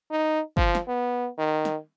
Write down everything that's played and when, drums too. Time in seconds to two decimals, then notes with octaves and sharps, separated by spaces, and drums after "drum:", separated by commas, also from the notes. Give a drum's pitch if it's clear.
0.11 D#4
0.57 F3, drum: kick G1
0.75 drum: snare
0.88 B3
1.38 D#3
1.65 drum: snare